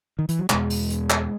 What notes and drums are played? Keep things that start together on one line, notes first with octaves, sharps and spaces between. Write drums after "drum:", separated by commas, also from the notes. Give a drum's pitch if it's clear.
D#3
E3, drum: hi-hat
F#3
E2 B2 G#3, drum: clap
drum: open hi-hat
drum: hi-hat
drum: clap